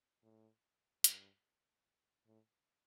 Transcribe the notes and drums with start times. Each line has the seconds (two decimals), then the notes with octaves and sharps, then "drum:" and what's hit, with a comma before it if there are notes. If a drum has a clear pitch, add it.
0.23 A2
1.04 G2, drum: hi-hat
2.27 A2